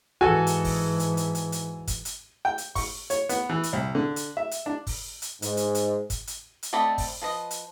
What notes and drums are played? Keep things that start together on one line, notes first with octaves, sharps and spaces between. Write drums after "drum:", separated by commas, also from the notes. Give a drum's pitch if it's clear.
G#2 E3 F#4 A4 G#5
drum: hi-hat
drum: kick, open hi-hat
drum: hi-hat
drum: hi-hat
drum: hi-hat
drum: hi-hat
drum: kick, hi-hat
drum: hi-hat
G5
drum: hi-hat
C#6, drum: kick, open hi-hat
C#5, drum: hi-hat
B3, drum: hi-hat
E3
drum: hi-hat
C2
D3
drum: hi-hat
E5
drum: hi-hat
D4
drum: kick, open hi-hat
drum: hi-hat
G#2, drum: hi-hat
drum: hi-hat
drum: hi-hat
drum: kick, hi-hat
drum: hi-hat
drum: hi-hat
A3 C4 D5 D#5 B5
drum: kick, open hi-hat
F3 B4 D#5
drum: hi-hat